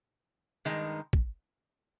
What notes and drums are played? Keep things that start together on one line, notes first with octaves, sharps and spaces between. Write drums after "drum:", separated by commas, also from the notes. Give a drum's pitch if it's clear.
G2 D#3 G#3 D#4
drum: kick